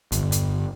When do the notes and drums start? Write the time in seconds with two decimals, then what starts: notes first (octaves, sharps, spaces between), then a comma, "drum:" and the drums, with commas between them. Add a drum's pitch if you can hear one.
0.12 G1, drum: kick E2, hi-hat
0.32 drum: hi-hat